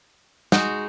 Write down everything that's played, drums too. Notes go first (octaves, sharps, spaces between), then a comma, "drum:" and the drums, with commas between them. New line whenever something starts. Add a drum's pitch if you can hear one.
G#3 D#4 F#4, drum: snare